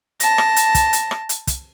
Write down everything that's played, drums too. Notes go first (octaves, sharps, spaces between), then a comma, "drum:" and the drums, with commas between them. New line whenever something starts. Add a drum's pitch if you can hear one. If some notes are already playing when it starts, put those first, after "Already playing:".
A5 A#6, drum: hi-hat
drum: rim click
drum: hi-hat
drum: kick, hi-hat
drum: hi-hat
drum: rim click
drum: hi-hat
drum: kick, hi-hat